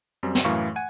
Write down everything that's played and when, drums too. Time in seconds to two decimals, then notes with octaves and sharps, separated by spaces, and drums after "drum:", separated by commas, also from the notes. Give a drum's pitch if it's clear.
0.23 F#2 G3 C4
0.35 drum: snare
0.44 F#2 A2 E3 A3 F5 C#6
0.76 F#5 G#5 G#6 D#7